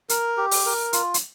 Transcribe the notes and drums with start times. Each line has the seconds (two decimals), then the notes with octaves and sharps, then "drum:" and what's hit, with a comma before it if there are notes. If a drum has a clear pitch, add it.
0.09 A#4, drum: hi-hat
0.37 G4
0.51 drum: open hi-hat
0.66 A#4
0.93 F4, drum: hi-hat
1.14 drum: hi-hat